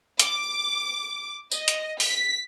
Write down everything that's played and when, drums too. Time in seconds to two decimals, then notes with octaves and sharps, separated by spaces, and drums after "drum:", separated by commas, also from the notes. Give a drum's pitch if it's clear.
0.20 D6, drum: hi-hat
1.51 D#5, drum: tambourine
1.68 drum: hi-hat
2.00 B6, drum: open hi-hat